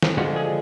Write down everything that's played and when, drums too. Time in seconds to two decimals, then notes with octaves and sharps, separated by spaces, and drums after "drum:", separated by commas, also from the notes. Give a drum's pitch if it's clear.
0.02 drum: snare
0.17 D3 F3 G#3 F#4
0.36 G#4